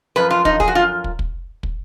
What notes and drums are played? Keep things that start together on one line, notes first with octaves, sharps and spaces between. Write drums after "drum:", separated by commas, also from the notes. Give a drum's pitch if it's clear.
F#2 F3 B4
F4
D#4, drum: kick
G#4, drum: kick
F#4
F4
drum: kick
drum: kick
drum: kick